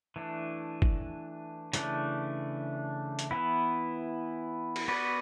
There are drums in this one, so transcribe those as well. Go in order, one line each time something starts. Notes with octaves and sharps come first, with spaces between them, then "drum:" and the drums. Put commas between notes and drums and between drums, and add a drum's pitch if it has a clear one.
E3 A3 D4
drum: kick
C#3 E3 A3 D4, drum: hi-hat
drum: hi-hat
E3 B3 E4
drum: cymbal
B3 F#4 B4 D5